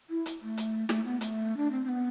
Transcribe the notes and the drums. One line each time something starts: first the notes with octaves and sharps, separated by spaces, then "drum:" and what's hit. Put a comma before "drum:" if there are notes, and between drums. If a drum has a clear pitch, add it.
E4
drum: hi-hat
A3
drum: hi-hat
A3, drum: snare
B3
A3, drum: hi-hat
D4
C4
C4
B3